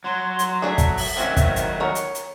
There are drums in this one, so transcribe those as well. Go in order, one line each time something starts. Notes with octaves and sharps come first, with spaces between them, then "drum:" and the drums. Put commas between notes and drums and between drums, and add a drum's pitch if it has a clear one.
F#3 C6
drum: hi-hat
A3 D4 G#4 E5
drum: kick, hi-hat
drum: open hi-hat
D#3 F#3 C4 C#4
drum: kick, hi-hat
drum: hi-hat
A#4 C#5 F#5
drum: hi-hat
drum: hi-hat